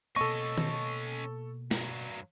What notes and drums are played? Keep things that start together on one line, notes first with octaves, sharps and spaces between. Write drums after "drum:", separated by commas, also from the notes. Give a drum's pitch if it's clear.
B2 A#3 B3 C#4 A4 D#5 C#6
drum: tom D#3
G2 F#3, drum: snare